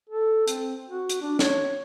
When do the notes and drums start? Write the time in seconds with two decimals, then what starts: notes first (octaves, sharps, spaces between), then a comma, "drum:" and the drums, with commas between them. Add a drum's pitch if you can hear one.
0.10 A4
0.47 C4, drum: hi-hat
0.87 F#4
1.09 drum: hi-hat
1.22 D4
1.39 C#5, drum: snare